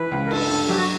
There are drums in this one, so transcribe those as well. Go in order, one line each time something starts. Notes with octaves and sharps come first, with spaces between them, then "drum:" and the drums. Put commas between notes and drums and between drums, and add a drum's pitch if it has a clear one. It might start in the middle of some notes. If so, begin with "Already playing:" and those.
Already playing: E3 B4
C#2
A#4
G2 A4, drum: cymbal
G2
F#3 G4
F#4